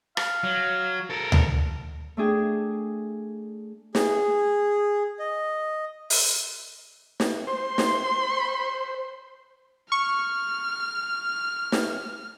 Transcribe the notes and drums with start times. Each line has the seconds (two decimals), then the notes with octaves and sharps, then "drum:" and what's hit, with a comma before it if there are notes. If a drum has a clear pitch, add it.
0.17 F5, drum: rim click
0.44 F#3
1.10 A4 A#4
1.32 drum: tom D2
2.17 A3 D4 G#4 G5
3.95 G#4, drum: snare
5.19 D#5
6.10 E5, drum: open hi-hat
7.20 drum: snare
7.47 C5 C6
7.78 drum: snare
9.92 C#6 F6
11.72 drum: snare